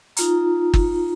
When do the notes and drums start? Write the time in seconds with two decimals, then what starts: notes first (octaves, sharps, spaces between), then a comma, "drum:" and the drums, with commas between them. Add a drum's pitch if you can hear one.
0.17 D#4 F4 A#5, drum: hi-hat
0.74 drum: kick G1